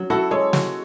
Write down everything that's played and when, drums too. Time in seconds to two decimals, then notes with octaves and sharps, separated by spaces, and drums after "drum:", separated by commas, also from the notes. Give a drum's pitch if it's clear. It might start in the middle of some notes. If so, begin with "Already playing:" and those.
Already playing: F#3 C#4
0.10 E4 F#4 A4
0.31 G#3 A4 C#5
0.53 F#4, drum: snare